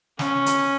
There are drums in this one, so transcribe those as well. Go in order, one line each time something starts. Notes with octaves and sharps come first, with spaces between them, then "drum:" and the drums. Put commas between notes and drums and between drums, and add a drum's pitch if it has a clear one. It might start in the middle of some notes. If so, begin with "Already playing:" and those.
C#4, drum: snare
drum: hi-hat